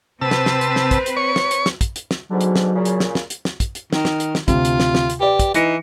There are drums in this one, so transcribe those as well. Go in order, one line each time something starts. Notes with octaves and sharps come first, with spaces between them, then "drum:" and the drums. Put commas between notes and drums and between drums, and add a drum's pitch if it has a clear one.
C3 C4 B4 C5 A5 E6
drum: snare
drum: snare
drum: hi-hat
drum: snare
drum: kick, hi-hat
drum: hi-hat
C#5 C#6
drum: snare
drum: hi-hat
drum: snare
drum: kick, hi-hat
drum: hi-hat
drum: snare
G#2 B2 D3 F#3
drum: hi-hat
drum: snare
A#2 C#3
drum: hi-hat
drum: snare
drum: snare
drum: hi-hat
drum: snare
drum: kick, hi-hat
drum: hi-hat
D#3, drum: snare
drum: snare
drum: hi-hat
drum: snare
D2 C3 F4, drum: kick, hi-hat
drum: hi-hat
drum: snare
drum: snare
drum: hi-hat
G4 B4 D5
drum: kick, hi-hat
E3 D#4 A#6 C#7, drum: hi-hat